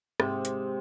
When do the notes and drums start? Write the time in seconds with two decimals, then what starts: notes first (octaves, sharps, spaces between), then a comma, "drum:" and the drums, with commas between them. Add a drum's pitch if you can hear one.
0.20 G#2 C3, drum: rim click
0.45 drum: hi-hat